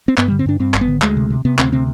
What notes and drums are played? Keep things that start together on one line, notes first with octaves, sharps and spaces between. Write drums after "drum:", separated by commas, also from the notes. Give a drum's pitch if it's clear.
C4
G2 B3, drum: clap
G3
D3
C4
G2 D4
G2 C4
G#1, drum: clap
B3
D3
D2 G#3, drum: clap
C3
C3
C3 B3
D2 C4, drum: clap
C3 C4